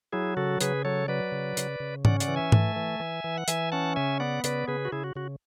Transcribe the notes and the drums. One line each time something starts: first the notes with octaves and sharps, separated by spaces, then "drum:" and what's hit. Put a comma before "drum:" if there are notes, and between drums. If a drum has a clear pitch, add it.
F#3 E4 G#4
C#3 F#4 A4
C#3 G#4 B4, drum: hi-hat
F#3 A4 C#5
F#3 B4 D5
C#3
C#3, drum: hi-hat
C#3
C#4 D5 F#5, drum: tom G#2
D5 F#5, drum: hi-hat
E3
E5 G#5
A3, drum: tom G#2
E3
E3
E3
F#5
E3 E5 G#5, drum: hi-hat
C#4 F#5 A5
C#3 E5 G#5
B3 D5 F#5
C#3 B4 D5, drum: hi-hat
C#3 G#4 B4
F#4
C#3 E4 G#4
F#4
C#3 F#4